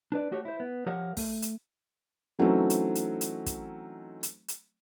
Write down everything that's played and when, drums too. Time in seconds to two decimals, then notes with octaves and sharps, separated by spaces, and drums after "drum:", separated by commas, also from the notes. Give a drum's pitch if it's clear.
0.12 D4 B4 D5
0.31 A3 F#4 G4 C#5
0.45 E4 C5
0.60 B3
0.86 F3 G4 A#4 C#5 F5 F#5
1.17 A3, drum: kick, open hi-hat
1.42 drum: hi-hat
2.39 E3 F#3 A3 C4 C#4 D#4
2.70 drum: hi-hat
2.95 drum: hi-hat
3.21 drum: hi-hat
3.46 drum: kick, hi-hat
4.23 drum: hi-hat
4.48 drum: hi-hat